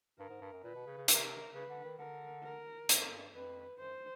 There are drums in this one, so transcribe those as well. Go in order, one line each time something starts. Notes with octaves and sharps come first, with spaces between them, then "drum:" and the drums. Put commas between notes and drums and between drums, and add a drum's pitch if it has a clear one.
G2 A#4
G#2
G2
F#2
A#2 B4
B2
C#3
C#3
C3 A#4, drum: hi-hat
C#3 B4
D3
D#3
D3 A#4
A#4
G#2, drum: hi-hat
G2
F2 B4
F#2 C5